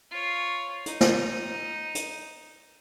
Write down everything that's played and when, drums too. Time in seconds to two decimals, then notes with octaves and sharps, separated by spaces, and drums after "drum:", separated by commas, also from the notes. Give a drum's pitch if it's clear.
0.11 F4 C#5
0.86 D#4, drum: hi-hat
1.01 drum: snare
1.95 drum: hi-hat